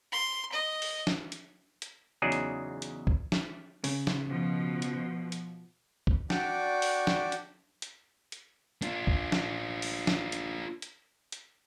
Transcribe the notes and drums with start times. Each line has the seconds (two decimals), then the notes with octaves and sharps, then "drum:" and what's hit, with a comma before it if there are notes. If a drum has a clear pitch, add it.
0.12 C6
0.52 D#5
0.82 drum: open hi-hat
1.07 drum: snare
1.32 drum: hi-hat
1.82 drum: hi-hat
2.22 E2 C#3 F#3 D#4 G#4 D5
2.32 drum: hi-hat
2.82 drum: hi-hat
3.07 drum: kick
3.32 drum: snare
3.84 C#3, drum: open hi-hat
4.07 drum: snare
4.29 B2 F3
4.82 drum: hi-hat
5.32 drum: hi-hat
6.07 drum: kick
6.30 D4 F#4 D5 G5 C#6 D6, drum: snare
6.82 drum: open hi-hat
7.07 drum: snare
7.32 drum: hi-hat
7.82 drum: hi-hat
8.32 drum: hi-hat
8.82 D4 F4, drum: hi-hat
9.07 drum: kick
9.32 drum: snare
9.82 drum: open hi-hat
10.07 drum: snare
10.32 drum: hi-hat
10.82 drum: hi-hat
11.32 drum: hi-hat